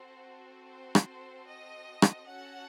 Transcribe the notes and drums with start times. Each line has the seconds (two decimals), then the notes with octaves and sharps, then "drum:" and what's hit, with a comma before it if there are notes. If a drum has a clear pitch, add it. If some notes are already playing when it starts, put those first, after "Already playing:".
Already playing: C4 F#4 A4 C5
0.68 C5
0.95 drum: rim click
1.49 D#5
2.02 drum: rim click
2.28 C#4 F#4 A4 F#5